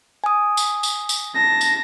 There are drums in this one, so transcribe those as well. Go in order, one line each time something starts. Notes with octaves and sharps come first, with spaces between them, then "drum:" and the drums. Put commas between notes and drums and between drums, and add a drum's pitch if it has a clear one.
G#5 D#6
drum: tambourine
drum: tambourine
drum: tambourine
A5 A#6
drum: tambourine